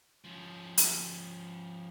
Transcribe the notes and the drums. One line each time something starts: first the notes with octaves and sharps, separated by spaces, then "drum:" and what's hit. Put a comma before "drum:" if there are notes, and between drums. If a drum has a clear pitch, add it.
F3 C#4
drum: hi-hat